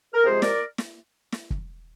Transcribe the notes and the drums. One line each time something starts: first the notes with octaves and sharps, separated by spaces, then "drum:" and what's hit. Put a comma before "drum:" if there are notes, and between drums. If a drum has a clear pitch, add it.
A#4
C3 F3 G#3 G#4 C5
A#4 D5, drum: snare
drum: snare
drum: snare
drum: kick